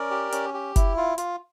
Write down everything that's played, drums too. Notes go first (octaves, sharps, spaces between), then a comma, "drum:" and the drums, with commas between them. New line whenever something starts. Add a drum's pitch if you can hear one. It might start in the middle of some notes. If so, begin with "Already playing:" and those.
Already playing: C#4 A#4 D5
G4
C#4, drum: hi-hat
G4
E4, drum: kick F#1, hi-hat
F4
F4, drum: hi-hat